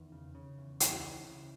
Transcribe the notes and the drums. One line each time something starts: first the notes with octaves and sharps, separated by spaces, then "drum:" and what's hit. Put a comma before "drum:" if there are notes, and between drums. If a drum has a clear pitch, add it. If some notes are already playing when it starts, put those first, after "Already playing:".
Already playing: E2 D#3
C#3
C#3
E2
C#2 E3, drum: hi-hat
C#3
C#3